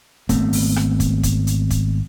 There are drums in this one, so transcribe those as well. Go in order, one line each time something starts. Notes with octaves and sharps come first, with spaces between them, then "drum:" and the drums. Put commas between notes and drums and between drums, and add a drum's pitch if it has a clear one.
G#1 A3 B3 C4, drum: kick, hi-hat
drum: open hi-hat
drum: rim click
drum: kick, hi-hat
drum: kick, hi-hat
drum: hi-hat
drum: kick, hi-hat